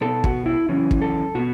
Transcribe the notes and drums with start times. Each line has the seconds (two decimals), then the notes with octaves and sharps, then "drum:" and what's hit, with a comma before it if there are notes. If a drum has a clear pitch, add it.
0.01 B2 B3 A4
0.24 F#4, drum: kick
0.46 E4
0.69 F#2 C#3 E3 C#4
0.91 drum: kick
1.01 A4
1.35 B2 B3 F#4